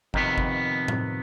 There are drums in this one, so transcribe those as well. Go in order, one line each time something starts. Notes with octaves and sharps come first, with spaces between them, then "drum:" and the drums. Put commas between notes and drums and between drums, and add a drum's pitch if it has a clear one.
F2 C3 D#3 B3, drum: kick G1
drum: kick G1
drum: tom A2